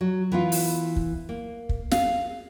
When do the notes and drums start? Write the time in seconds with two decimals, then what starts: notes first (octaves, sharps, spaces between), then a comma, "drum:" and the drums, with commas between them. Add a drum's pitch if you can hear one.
0.01 F#3
0.32 E3 B3 F4
0.52 drum: open hi-hat
0.96 drum: kick
1.29 A#3
1.69 drum: kick
1.91 G#4 F5, drum: snare